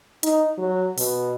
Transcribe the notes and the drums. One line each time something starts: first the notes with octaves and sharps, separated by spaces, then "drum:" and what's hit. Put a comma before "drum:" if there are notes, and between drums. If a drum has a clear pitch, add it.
D#4, drum: hi-hat
F#3
B2, drum: open hi-hat